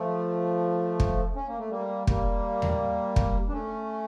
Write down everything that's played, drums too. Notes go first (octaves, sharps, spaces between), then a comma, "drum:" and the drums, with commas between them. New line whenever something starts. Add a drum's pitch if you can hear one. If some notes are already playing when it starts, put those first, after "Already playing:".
Already playing: F3 A3
drum: kick
C#4
A#3
A3
G3 A#3
G3 A#3, drum: kick
drum: tom D#2
drum: kick
D4
A3 C#4